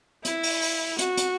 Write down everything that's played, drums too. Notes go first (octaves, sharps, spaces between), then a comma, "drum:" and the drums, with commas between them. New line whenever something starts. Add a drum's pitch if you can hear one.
E4, drum: hi-hat
drum: open hi-hat
drum: open hi-hat
F#4, drum: hi-hat
drum: hi-hat